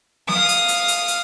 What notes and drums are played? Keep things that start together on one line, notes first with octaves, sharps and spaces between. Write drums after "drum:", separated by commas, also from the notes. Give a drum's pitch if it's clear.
F5 D#6, drum: snare
drum: hi-hat
drum: hi-hat
drum: hi-hat
drum: hi-hat